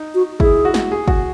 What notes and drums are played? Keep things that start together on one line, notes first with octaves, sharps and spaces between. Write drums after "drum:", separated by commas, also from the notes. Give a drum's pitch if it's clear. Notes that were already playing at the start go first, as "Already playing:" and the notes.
Already playing: D#4
F#4
E4 G#4, drum: kick
F#4
drum: snare
G#4
F#4, drum: kick